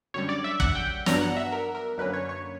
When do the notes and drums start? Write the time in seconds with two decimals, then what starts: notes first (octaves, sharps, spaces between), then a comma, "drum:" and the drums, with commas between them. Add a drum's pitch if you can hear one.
0.14 F#2 D3 G3 C#5
0.29 D5
0.44 E5
0.60 F#5, drum: kick
0.75 G5
1.06 G2 F#3 B3 D4 A#5, drum: snare
1.21 F#5
1.37 E5
1.52 A#4
1.75 A#4
1.98 F#2 D3 A#3 C#4 B4
2.13 C#5
2.29 C#5